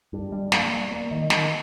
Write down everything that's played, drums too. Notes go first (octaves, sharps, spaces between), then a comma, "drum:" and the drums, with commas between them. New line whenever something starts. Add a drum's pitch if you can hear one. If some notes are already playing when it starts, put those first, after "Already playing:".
G2
G3
A#3, drum: snare
G3
A#3
D#3
D#3, drum: snare